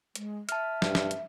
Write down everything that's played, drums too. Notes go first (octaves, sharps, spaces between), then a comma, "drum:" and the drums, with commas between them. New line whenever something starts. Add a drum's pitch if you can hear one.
G#3, drum: hi-hat
E5 A5 F6, drum: hi-hat
G2, drum: snare
drum: snare
drum: hi-hat